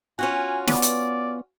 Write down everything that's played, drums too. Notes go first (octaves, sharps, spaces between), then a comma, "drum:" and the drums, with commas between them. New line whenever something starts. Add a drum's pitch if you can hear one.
C#4 F4 F#4 G#5
B3 D5, drum: snare
drum: hi-hat